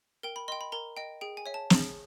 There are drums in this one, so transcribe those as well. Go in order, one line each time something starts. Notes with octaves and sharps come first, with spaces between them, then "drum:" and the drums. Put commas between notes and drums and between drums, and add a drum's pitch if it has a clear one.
A#4 G5
B5
D#5 G5 C6
B5
A#4 A#5
D#5 G5
G#4 G5
G#5
C#5 E5
A5
G#4, drum: snare